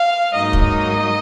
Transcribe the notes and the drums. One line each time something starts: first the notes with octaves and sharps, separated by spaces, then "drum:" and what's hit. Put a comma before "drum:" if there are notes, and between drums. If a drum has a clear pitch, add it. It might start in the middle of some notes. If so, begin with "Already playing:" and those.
Already playing: F5
G#2 F#3 A#3 D#4 D#5
drum: kick
D#5